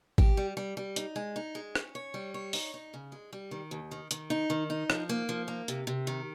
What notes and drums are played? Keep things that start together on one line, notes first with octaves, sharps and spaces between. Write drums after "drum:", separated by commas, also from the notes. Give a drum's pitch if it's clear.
G4, drum: kick G#1
G3
G3
G3
D#4, drum: hi-hat
G#3
D#4
G#3
C#4, drum: rim click
C#5
G3
C#5
D#4, drum: open hi-hat
D#4
C#3
G#3
G3
D#3
D#2
D#3
D#3, drum: hi-hat
D#4
D#3
D#4
F3, drum: rim click
A#3
F3
A#3
C3, drum: hi-hat
C3
D#3